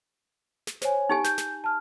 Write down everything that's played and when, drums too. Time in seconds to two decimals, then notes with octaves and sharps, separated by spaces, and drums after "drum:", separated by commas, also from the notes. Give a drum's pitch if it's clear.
0.67 drum: snare
0.82 C5 C#5 G#5, drum: snare
1.09 D#4 G4 G#5
1.24 G6, drum: snare
1.38 drum: snare
1.64 A5 F6